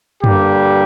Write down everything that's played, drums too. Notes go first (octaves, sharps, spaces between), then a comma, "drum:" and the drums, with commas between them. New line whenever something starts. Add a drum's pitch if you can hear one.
G2 D3 G3 A#3 G4, drum: tom F#2